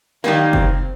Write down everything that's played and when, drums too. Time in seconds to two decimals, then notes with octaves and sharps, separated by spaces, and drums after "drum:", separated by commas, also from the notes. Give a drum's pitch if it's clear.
0.24 D#3 G3 A#3 D#4, drum: snare
0.53 C4, drum: kick F#1